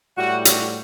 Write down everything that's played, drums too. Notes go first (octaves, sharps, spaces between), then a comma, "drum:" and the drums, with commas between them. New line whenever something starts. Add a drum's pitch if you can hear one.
A2 G3 F#4
F#4, drum: hi-hat